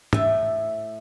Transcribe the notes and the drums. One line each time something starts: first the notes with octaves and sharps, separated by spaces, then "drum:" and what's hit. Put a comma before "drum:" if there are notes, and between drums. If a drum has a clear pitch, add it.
A2 E5, drum: tom